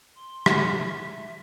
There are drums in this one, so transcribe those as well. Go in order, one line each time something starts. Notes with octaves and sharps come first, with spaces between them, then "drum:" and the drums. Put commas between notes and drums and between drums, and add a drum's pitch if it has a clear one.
C6
drum: rim click
E5